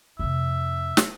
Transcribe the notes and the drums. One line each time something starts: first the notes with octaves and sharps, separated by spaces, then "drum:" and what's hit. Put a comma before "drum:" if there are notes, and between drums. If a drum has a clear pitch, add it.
F2 C3 E5
drum: snare